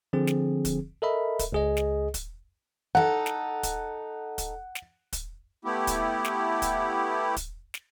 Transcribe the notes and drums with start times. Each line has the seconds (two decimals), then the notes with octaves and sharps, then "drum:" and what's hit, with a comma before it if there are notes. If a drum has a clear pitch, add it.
0.13 D3 F3 C4 G#4
0.27 drum: snare
0.65 drum: kick, hi-hat
1.02 A4 A#4 D#5 E5 B5
1.39 drum: kick, hi-hat
1.52 C#2 G#4 D#5
1.77 drum: snare
2.14 drum: kick, hi-hat
2.95 D#4 A4 F#5
3.26 drum: snare
3.63 drum: kick, hi-hat
4.38 drum: kick, hi-hat
4.75 drum: snare
5.13 drum: kick, hi-hat
5.65 A3 B3 E4 G4
5.87 drum: kick, hi-hat
6.25 drum: snare
6.62 drum: kick, hi-hat
7.37 drum: kick, hi-hat
7.74 drum: snare